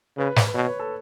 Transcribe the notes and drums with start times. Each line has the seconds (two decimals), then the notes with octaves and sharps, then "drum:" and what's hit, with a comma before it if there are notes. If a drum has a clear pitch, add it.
0.17 C#3 B4
0.36 drum: snare
0.46 B4
0.54 B2 C#5
0.67 B4
0.80 A4